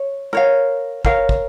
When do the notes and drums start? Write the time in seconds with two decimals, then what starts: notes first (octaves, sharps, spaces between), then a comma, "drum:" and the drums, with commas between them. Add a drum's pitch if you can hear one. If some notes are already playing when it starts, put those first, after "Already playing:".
Already playing: C#5
0.33 A#4 C#5 F5
1.05 A#4 C#5 F5, drum: kick
1.29 drum: kick